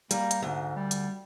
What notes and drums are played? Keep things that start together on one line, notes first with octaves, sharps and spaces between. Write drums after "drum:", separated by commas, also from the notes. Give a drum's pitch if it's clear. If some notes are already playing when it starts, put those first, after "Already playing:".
G3 A#3, drum: hi-hat
drum: hi-hat
D2 G#2
G3
drum: hi-hat